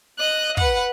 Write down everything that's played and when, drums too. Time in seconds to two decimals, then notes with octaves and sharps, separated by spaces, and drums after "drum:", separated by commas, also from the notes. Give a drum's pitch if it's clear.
0.18 D#5 F#6
0.57 B4 F#5, drum: kick